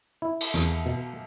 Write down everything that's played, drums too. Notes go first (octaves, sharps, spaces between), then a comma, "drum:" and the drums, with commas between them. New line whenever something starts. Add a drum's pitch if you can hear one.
E4
drum: cymbal
E2, drum: rim click
B2